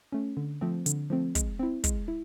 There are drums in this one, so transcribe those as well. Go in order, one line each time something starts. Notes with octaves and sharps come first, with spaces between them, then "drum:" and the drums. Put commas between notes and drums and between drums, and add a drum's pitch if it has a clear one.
A3 C#4
D3
F3 A3 C4
D3, drum: hi-hat
F3 A3 C4
G#3, drum: kick, hi-hat
C4 E4
G#3, drum: kick, hi-hat
E4